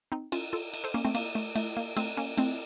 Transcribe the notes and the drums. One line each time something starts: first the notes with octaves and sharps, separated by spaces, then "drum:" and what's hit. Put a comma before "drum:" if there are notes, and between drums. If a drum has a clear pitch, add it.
C4 D#4
C#4 F4, drum: cymbal
F4 A4
drum: cymbal
A4 C5
A#3 C#4
A3 C4
A#3, drum: cymbal
A3
A3, drum: cymbal
A#3
A3 C4, drum: cymbal
A#3 C#4
A3 C4, drum: cymbal